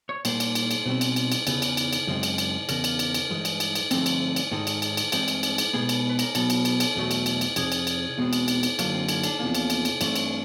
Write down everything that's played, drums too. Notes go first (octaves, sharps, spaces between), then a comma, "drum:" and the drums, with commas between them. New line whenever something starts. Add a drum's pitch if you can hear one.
C#5
A#2 G3 A#3 C5, drum: cymbal
drum: cymbal
drum: cymbal
drum: cymbal
B2 G3 C4
drum: cymbal
drum: cymbal
drum: cymbal
E2 C#3 E3, drum: cymbal
drum: cymbal
drum: cymbal
drum: cymbal
F#2 C#3 G#3 C4
drum: cymbal
drum: cymbal
E2 C#3 A#4, drum: cymbal
drum: cymbal
drum: cymbal
drum: cymbal
G2 E3 G#3
drum: cymbal
drum: cymbal
drum: cymbal
G2 D3 F3 A3 C4 A4, drum: cymbal
drum: cymbal
drum: cymbal
G#2 D#3 G#3 A4
drum: cymbal
drum: cymbal
drum: cymbal
G2 E3 G#3 C4, drum: cymbal
drum: cymbal
drum: cymbal
drum: cymbal
B2 G#3 B3 G#4
A4, drum: cymbal
B4
A#4, drum: cymbal
B2 F#3 B3 A4, drum: cymbal
drum: cymbal
drum: cymbal
drum: cymbal
E2 B2 F#3 A3
drum: cymbal
drum: cymbal
drum: cymbal
F2 C3 G#4, drum: cymbal
drum: cymbal
drum: cymbal
E2 B2 G#3 C4
drum: cymbal
drum: cymbal
drum: cymbal
F#2 D3 F#3 A#3 D4, drum: cymbal
C4
C#4, drum: cymbal
D4, drum: cymbal
E2 C3 F3 A#3
drum: cymbal
drum: cymbal
drum: cymbal
G2 E3 A3 C4 D4, drum: cymbal
drum: cymbal